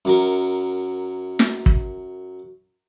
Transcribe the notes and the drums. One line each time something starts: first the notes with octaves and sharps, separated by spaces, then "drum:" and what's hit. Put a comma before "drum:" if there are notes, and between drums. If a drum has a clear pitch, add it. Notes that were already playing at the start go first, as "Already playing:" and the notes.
F#2 F#3 A#4
drum: snare
drum: kick